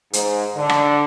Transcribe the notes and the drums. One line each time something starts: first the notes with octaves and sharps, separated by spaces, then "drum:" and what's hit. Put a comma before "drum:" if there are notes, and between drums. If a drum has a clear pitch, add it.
G#2, drum: hi-hat
D3
drum: rim click